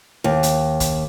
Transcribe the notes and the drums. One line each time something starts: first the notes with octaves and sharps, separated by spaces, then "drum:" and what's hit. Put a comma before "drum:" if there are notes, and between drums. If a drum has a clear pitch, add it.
D#2
drum: hi-hat
drum: kick, hi-hat